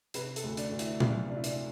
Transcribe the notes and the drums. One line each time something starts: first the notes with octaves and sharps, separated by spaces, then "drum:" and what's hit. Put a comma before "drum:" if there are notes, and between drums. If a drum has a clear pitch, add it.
C3 B4, drum: hi-hat
A4, drum: hi-hat
D2
D4, drum: hi-hat
D2
E4, drum: hi-hat
F3 F4, drum: tom A#2
C3 D4
E4
D4, drum: hi-hat